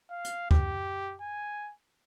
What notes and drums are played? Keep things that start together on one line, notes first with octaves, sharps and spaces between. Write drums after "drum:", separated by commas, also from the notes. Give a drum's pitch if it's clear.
F5
drum: hi-hat
G4, drum: kick D2
G#5